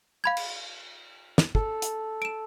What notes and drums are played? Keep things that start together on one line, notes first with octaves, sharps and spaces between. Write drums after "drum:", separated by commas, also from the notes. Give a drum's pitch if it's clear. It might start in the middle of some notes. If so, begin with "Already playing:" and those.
F5 B5 G#6
drum: cymbal
drum: snare
A4, drum: kick
drum: hi-hat
D7 E7